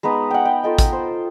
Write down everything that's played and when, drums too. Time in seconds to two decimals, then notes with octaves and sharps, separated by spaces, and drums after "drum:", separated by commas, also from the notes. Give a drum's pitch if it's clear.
0.03 G#3 B3 D#4 B4
0.31 F#5 G5
0.45 G5
0.64 F4 A4 D#5
0.79 drum: kick, hi-hat
0.92 C5